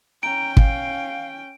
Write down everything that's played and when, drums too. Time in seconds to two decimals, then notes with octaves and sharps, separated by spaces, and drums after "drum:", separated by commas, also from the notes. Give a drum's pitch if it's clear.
0.23 C#4 G5 A#5 D7
0.57 F5, drum: kick